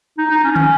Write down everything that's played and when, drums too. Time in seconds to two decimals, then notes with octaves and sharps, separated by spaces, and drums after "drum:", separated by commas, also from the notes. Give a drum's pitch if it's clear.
0.18 D#4
0.31 D#4
0.44 C#4
0.51 D#4
0.56 C#4, drum: tom